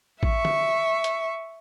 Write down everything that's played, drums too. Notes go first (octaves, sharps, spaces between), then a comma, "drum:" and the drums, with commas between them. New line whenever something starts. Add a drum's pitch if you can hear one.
E5 C#6, drum: kick A1
drum: tom
drum: hi-hat